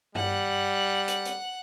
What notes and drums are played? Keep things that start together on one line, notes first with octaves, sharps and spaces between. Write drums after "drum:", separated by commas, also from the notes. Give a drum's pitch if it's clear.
G3 F#5 F#6, drum: tom G2
drum: hi-hat
drum: hi-hat